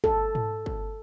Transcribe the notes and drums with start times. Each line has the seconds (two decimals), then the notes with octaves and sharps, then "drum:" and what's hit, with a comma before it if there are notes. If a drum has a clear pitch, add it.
0.04 A4, drum: kick
0.35 drum: tom G#2
0.66 drum: kick